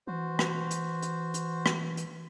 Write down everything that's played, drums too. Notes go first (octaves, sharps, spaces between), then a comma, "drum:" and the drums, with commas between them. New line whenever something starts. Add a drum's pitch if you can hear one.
E3 F#4 C5
drum: rim click
drum: hi-hat
drum: hi-hat
drum: hi-hat
drum: rim click
drum: hi-hat